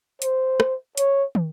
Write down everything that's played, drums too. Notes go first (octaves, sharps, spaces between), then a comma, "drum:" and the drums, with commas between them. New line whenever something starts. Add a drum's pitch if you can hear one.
C5, drum: hi-hat
drum: rim click
C#5, drum: hi-hat
drum: tom